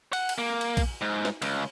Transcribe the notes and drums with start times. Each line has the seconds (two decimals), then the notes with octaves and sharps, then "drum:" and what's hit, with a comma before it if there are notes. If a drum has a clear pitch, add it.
0.13 F#5, drum: cymbal
0.29 drum: cymbal
0.38 A#3
0.61 drum: cymbal
0.77 drum: kick A#1, cymbal
1.01 G#2
1.25 drum: snare
1.42 C#2, drum: cymbal